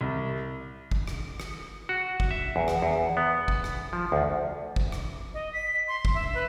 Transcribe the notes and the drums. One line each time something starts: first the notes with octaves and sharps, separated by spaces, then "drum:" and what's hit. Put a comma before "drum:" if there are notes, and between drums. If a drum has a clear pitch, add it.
C2
drum: kick
drum: rim click
drum: rim click
F#4
drum: kick
E5
E2
drum: rim click
E2
B3
drum: kick
drum: rim click
F3
D2
drum: kick
drum: rim click
D#5
B6
C6
drum: kick
E5
B4